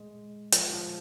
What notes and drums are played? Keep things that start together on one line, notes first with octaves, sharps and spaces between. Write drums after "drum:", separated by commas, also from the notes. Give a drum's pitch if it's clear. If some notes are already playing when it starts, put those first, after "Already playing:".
Already playing: G#3
F3, drum: hi-hat
F3